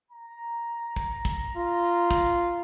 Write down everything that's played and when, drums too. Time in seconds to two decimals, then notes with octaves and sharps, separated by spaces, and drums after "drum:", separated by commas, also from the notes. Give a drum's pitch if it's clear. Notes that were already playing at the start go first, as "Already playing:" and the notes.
0.11 A#5
0.96 drum: kick
1.25 drum: kick
1.56 F4
2.11 drum: kick